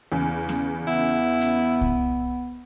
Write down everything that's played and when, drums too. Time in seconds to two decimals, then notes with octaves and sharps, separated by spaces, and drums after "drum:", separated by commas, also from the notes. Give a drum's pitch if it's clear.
0.12 E2 C#3
0.49 drum: snare B3
0.87 B3 E4
1.41 drum: hi-hat
1.81 drum: kick C2